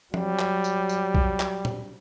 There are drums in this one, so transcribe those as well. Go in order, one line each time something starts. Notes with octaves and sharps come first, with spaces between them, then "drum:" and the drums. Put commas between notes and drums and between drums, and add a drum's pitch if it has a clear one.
F#3 G3, drum: tom F3
drum: clap
drum: tambourine
drum: tambourine
drum: kick B1
drum: clap
drum: tom A#2